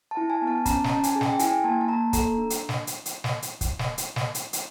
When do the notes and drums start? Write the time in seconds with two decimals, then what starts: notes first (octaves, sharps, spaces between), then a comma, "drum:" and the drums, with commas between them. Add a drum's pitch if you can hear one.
0.11 A5
0.17 E4
0.30 G#5
0.42 B3
0.47 A5
0.66 C#4 A#5, drum: kick, hi-hat
0.84 A5, drum: snare
0.90 C#4
1.03 G#5, drum: hi-hat
1.16 G#4
1.21 G5, drum: snare
1.34 G5
1.39 E4 G#5, drum: hi-hat
1.64 A#3 A5
1.81 A5
1.88 A#3 A#5
2.13 A4 A#5, drum: kick, hi-hat
2.38 D4
2.50 drum: hi-hat
2.69 drum: snare
2.87 drum: hi-hat
3.06 drum: hi-hat
3.24 drum: snare
3.42 drum: hi-hat
3.61 drum: kick, hi-hat
3.79 drum: snare
3.98 drum: hi-hat
4.16 drum: snare
4.35 drum: hi-hat
4.53 drum: hi-hat